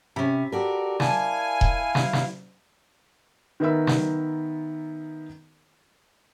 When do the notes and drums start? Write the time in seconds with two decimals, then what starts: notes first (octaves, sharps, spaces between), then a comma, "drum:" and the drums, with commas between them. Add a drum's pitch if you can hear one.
0.16 C3 C#4 B5
0.52 F#4 G4 A4 A#4 D5
1.00 E4 F5 G#5 A5, drum: snare
1.61 drum: kick E1
1.95 drum: snare
2.13 drum: snare
3.60 D#3 B3 A#4 E5 B5 E6
3.87 drum: snare